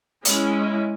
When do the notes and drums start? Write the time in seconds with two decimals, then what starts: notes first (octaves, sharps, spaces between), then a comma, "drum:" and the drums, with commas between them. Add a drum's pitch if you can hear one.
0.25 G#3 C#4 E4, drum: hi-hat